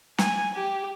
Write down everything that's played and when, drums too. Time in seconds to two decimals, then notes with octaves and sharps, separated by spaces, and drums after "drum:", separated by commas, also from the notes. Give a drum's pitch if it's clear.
0.18 G#5, drum: snare
0.55 G4